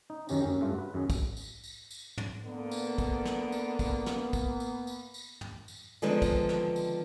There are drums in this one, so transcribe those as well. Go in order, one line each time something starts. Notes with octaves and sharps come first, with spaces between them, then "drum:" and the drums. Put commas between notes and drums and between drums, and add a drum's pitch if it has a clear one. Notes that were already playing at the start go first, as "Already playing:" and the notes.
D#4
F#2 D#3 C#4 G4 A#5, drum: tambourine
F#2 A#3 C#4
G2 A3 F4
F#4 B4
F#2 D#3 G#4
drum: kick, tambourine
drum: tambourine
drum: tambourine
drum: tambourine
drum: tom
D3 A#3 B3
drum: tambourine
drum: kick, tambourine
drum: snare
drum: tambourine
drum: kick, tambourine
drum: snare
drum: kick, tambourine
drum: tambourine
drum: tambourine
drum: tambourine
drum: tom
drum: tambourine
D3 D#3 F3 G#3 B3 C4
drum: kick, tambourine
drum: snare
drum: tambourine